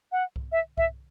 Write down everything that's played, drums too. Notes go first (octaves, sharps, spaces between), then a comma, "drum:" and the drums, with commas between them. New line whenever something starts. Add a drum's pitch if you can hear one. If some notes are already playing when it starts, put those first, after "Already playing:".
F#5
drum: kick C2
E5
E5, drum: kick C2